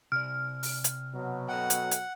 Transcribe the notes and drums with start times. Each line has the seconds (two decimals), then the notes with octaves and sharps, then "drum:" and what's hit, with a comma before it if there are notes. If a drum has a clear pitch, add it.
0.12 C3 D5 F6
0.63 drum: open hi-hat
0.84 drum: hi-hat
1.14 B2 F#3
1.48 A4 D#5 F#5 G5
1.70 drum: hi-hat
1.91 drum: hi-hat